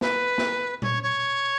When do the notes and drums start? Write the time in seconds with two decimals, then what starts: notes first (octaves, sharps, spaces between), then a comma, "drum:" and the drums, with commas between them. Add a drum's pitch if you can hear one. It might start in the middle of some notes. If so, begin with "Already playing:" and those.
0.01 B4, drum: snare
0.38 drum: snare
0.82 C#5, drum: tom A#2
1.03 C#5